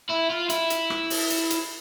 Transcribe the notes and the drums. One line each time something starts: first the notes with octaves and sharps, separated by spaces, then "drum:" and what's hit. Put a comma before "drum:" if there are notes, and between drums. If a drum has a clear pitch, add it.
E4
F4
E4, drum: hi-hat
drum: hi-hat
drum: rim click
drum: open hi-hat
drum: hi-hat
drum: hi-hat